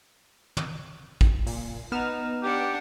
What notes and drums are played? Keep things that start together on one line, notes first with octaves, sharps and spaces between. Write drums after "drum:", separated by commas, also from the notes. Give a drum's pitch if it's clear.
drum: tom
drum: kick
A#2, drum: open hi-hat
B3 D#4 F6 E7
D4 G4 F#5